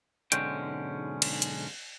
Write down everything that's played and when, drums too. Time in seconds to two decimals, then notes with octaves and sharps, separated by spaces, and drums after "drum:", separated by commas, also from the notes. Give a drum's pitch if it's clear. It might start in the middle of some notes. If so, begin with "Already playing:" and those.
0.32 B1 G#2 D3 G#3 C#4 G5, drum: hi-hat
1.22 drum: cymbal
1.42 drum: hi-hat